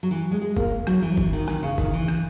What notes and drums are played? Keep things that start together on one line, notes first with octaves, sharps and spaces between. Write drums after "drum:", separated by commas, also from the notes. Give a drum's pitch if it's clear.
F#3
E3
G#3
G#3
A#3, drum: kick
F#3, drum: rim click
E3
drum: kick
D#3
drum: rim click
C#3
D#3, drum: kick
E3
drum: rim click